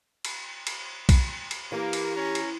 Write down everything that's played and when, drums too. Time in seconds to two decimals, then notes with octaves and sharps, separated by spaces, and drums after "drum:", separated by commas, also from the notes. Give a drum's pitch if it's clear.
0.25 drum: cymbal
0.67 drum: cymbal
1.09 drum: kick B1, cymbal
1.51 drum: cymbal
1.72 E3 A#3 G4
1.93 drum: cymbal
2.15 C#4 A#5
2.35 drum: cymbal